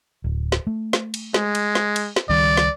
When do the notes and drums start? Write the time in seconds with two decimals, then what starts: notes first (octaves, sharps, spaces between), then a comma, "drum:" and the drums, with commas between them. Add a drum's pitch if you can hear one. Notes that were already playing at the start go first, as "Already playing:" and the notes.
0.24 D1
0.52 drum: snare
0.67 A3
0.93 drum: snare
1.14 drum: cymbal
1.34 G#3, drum: snare
1.55 drum: cymbal
1.75 drum: snare
1.96 drum: cymbal
2.16 drum: snare
2.29 C#2 D#3 G3 D5
2.57 drum: snare